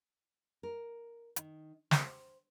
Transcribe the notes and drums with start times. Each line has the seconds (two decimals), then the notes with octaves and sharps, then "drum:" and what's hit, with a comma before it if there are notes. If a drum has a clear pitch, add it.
0.63 A#4
1.36 D#3, drum: hi-hat
1.91 C5, drum: snare